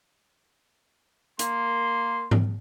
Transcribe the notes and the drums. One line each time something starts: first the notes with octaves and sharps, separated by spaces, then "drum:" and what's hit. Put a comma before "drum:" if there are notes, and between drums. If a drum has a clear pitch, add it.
A#3 C6, drum: hi-hat
drum: tom G#2